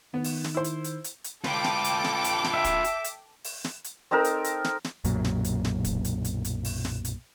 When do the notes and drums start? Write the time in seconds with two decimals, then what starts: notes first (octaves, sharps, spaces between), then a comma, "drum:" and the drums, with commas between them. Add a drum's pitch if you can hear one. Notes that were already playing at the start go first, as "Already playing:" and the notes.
0.14 D#3 B3
0.24 drum: open hi-hat
0.44 drum: snare
0.54 E4 C5
0.64 drum: hi-hat
0.84 drum: hi-hat
1.04 drum: hi-hat
1.24 drum: hi-hat
1.44 F4 A4 B4 G5 D6, drum: snare
1.64 drum: snare
1.84 drum: hi-hat
2.04 drum: snare
2.24 drum: hi-hat
2.44 drum: snare
2.54 E5
2.64 drum: kick, hi-hat
2.84 drum: hi-hat
3.04 drum: hi-hat
3.44 drum: open hi-hat
3.64 drum: snare
3.84 drum: hi-hat
4.11 C4 D#4 A4 A#4
4.24 drum: hi-hat
4.44 drum: hi-hat
4.64 drum: snare
4.84 drum: snare
5.04 B1 F#2 A#2 F#3, drum: hi-hat
5.24 drum: snare
5.44 drum: hi-hat
5.64 drum: snare
5.85 drum: kick, hi-hat
6.05 drum: hi-hat
6.25 drum: hi-hat
6.45 drum: hi-hat
6.65 drum: open hi-hat
6.85 drum: snare
7.05 drum: hi-hat